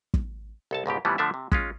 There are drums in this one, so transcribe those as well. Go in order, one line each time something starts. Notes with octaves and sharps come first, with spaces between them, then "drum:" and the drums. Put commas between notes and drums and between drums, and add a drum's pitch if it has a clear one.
drum: kick
C2 A4 A5
C#2 G#2 B2 G4
A2 E3 F3 G3 B3
D3 F3 A3 D4 E5
C3
G#3 C#4 F4, drum: kick